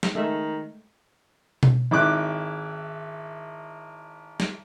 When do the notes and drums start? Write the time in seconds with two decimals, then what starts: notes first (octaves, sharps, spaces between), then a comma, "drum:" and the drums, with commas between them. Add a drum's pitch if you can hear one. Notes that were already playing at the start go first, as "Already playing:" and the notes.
0.03 drum: snare
0.15 D#3 G#3 A3 E5
1.63 drum: tom B2
1.91 G#1 E4 D6 F#6
4.40 drum: snare